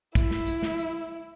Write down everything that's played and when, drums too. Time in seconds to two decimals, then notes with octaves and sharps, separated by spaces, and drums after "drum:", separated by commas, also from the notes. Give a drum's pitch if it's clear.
0.15 E4, drum: kick, hi-hat
0.31 drum: snare
0.47 drum: hi-hat
0.62 drum: snare
0.78 drum: hi-hat